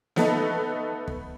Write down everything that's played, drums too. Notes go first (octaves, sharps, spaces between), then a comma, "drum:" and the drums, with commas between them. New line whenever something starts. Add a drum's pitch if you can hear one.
A3 B3 D#4 A4 B4, drum: snare
drum: kick